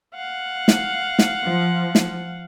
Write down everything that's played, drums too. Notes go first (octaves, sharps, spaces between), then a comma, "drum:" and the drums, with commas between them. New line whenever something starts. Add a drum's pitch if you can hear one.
F5 F#5
drum: snare
drum: snare
F3
drum: snare